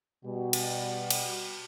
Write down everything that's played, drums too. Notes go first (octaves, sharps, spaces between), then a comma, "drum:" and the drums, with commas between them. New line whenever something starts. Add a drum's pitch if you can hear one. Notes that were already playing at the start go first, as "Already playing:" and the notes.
B2 G3 F#4
drum: cymbal
drum: cymbal